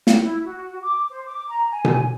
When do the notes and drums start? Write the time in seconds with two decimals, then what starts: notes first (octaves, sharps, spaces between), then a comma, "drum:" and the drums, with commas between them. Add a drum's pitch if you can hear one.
0.07 drum: snare
0.22 E4
0.44 F#4
0.82 D6
1.10 C5
1.26 D6
1.48 A#5
1.71 G#5
1.85 drum: tom B2